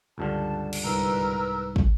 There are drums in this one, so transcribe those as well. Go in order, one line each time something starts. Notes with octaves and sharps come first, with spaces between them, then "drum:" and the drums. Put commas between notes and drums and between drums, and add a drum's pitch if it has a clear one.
C#2 G2 D3 A5
drum: cymbal
C2 G#2 A#4 B4 E6
drum: kick